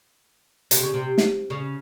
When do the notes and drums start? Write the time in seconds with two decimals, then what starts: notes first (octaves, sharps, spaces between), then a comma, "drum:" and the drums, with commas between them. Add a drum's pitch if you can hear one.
0.71 C3, drum: hi-hat
0.83 C#3
0.94 C3
1.18 drum: snare
1.50 C#3